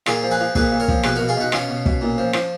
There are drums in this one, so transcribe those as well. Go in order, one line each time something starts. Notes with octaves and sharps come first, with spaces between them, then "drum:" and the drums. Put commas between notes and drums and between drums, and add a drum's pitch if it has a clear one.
A#2 F4 G#4, drum: rim click
F3
G#4 B4
F3
A#2 G#4 B4, drum: kick
A#2
A#4 C#5
F3, drum: kick
B2 G#4 B4, drum: rim click
B2 F#4 A#4
F4 G#4
B2 D#4 F#4
B2 C#4 F4, drum: rim click
B2
B2, drum: kick
A#2
F3
F3, drum: rim click